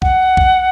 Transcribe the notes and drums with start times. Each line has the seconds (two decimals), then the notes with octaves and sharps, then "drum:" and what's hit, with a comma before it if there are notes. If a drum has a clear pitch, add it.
0.02 F#5, drum: kick
0.37 drum: kick